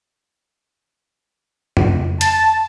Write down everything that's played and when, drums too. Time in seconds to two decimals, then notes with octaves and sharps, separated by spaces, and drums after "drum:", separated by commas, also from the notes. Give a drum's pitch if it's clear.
1.77 drum: tom F2
2.21 A5, drum: hi-hat